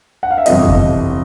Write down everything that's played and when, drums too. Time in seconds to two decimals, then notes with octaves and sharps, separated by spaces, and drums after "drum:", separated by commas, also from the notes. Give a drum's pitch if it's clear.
0.23 F#5
0.31 F5
0.38 E5
0.46 G1 F2 C3 E3 D#5, drum: hi-hat
0.68 drum: kick F2